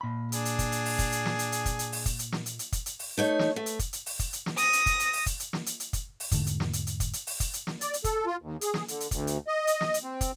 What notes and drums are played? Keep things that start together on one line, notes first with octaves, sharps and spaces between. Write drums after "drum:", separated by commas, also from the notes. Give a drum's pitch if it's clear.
A#2 B5
D4 G#4, drum: hi-hat
drum: hi-hat
drum: kick, hi-hat
drum: hi-hat
drum: open hi-hat
drum: kick, hi-hat
drum: hi-hat
drum: snare
drum: hi-hat
drum: hi-hat
drum: kick, hi-hat
drum: hi-hat
drum: open hi-hat
drum: kick, hi-hat
drum: hi-hat
drum: snare
drum: hi-hat
drum: hi-hat
drum: kick, hi-hat
drum: hi-hat
drum: open hi-hat
A3 D#4 C#5
drum: snare
A3
drum: hi-hat
drum: kick, hi-hat
drum: hi-hat
drum: open hi-hat
drum: kick, hi-hat
drum: hi-hat
drum: snare
D#6 A#6, drum: hi-hat
drum: hi-hat
drum: kick, hi-hat
drum: hi-hat
drum: open hi-hat
drum: kick, hi-hat
drum: hi-hat
drum: snare
drum: hi-hat
drum: hi-hat
drum: kick, hi-hat
drum: open hi-hat
E2 G#2 D3 A3, drum: kick, hi-hat
drum: hi-hat
drum: snare
drum: hi-hat
drum: hi-hat
drum: kick, hi-hat
drum: hi-hat
drum: open hi-hat
drum: kick, hi-hat
drum: hi-hat
drum: snare
D5, drum: hi-hat
drum: hi-hat
A4, drum: kick, hi-hat
F4
D#2
G#4, drum: hi-hat
drum: snare
D3, drum: hi-hat
drum: hi-hat
D2, drum: kick, hi-hat
drum: hi-hat
D#5
drum: hi-hat
drum: snare
drum: hi-hat
C4
drum: kick, hi-hat